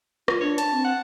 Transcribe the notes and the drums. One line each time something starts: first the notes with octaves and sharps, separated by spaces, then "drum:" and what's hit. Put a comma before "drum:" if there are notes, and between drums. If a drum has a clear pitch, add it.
F4, drum: rim click
D4 C#5
A5, drum: hi-hat
C4
F#5